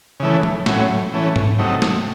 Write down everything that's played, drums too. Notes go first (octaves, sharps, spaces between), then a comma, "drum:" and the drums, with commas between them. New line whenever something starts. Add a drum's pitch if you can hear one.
C#3 E3 A3
drum: tom
A2 F#3 C#4, drum: snare
E3 A3 C#4
drum: tom G#2
C3 F#3 A3 D#4
drum: snare